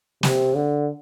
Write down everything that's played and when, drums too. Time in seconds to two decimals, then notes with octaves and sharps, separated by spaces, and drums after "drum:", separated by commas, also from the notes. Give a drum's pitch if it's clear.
0.23 C3, drum: snare
0.56 D3